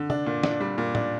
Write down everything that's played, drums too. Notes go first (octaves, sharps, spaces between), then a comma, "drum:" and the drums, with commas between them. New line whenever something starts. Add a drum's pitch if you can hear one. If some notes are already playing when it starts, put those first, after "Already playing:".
Already playing: D3
D4, drum: tom
A#2
D4, drum: snare
G3
A#2
D4, drum: tom A2